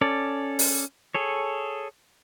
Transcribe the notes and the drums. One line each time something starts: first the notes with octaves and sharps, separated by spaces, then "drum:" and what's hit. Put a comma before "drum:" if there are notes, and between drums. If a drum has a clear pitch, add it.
C#4 A4 D5
drum: open hi-hat
G#4 A4 C#5